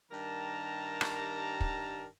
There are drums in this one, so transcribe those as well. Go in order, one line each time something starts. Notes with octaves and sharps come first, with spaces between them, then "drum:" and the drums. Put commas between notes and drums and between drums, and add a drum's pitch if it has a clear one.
G2 D#3 G3 A#4 A5 A#5
drum: rim click
drum: kick